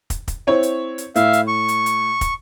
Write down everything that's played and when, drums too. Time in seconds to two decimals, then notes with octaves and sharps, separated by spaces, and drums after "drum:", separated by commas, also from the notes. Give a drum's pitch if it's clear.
0.10 drum: kick, hi-hat
0.28 drum: kick, hi-hat
0.47 C4 E4 C#5
0.63 drum: hi-hat
0.98 drum: hi-hat
1.16 A2 E5 F5, drum: hi-hat
1.33 drum: hi-hat
1.47 C#6
1.68 drum: hi-hat
1.86 drum: hi-hat
2.21 drum: kick, hi-hat